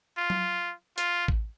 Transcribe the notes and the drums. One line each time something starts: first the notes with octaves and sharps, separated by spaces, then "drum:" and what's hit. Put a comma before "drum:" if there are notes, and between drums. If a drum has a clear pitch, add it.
F4
drum: tom F#3
F4, drum: hi-hat
drum: kick A1